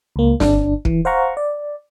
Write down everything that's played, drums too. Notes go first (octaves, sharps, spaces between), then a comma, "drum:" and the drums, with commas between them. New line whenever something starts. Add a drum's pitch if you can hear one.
C#2 A#3
G1 D4, drum: snare
E3, drum: kick
C5 F5 F#5 A#5 C#6
D5